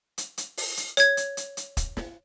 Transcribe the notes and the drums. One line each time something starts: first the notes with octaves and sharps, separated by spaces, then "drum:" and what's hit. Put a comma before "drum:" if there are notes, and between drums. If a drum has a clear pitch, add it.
drum: hi-hat
drum: hi-hat
drum: open hi-hat
drum: hi-hat
C#5 G#6, drum: hi-hat
drum: hi-hat
drum: hi-hat
drum: hi-hat
drum: kick, hi-hat
drum: snare